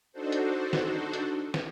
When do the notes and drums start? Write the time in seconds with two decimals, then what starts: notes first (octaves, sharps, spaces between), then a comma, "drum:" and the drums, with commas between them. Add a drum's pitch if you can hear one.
0.12 D4 D#4 F#4 A4 C5
0.32 drum: hi-hat
0.73 drum: snare
1.13 drum: hi-hat
1.54 drum: snare